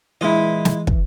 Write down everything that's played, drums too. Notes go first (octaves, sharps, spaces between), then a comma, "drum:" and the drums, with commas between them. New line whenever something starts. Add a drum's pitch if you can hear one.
A#2 E3 G#3 E4 D#5
drum: snare
drum: kick